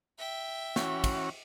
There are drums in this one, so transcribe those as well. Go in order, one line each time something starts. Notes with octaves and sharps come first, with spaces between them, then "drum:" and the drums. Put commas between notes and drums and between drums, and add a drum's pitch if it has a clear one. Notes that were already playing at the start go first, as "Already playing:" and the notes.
E5 G5
E3 C#4 F#4, drum: snare
drum: kick, cymbal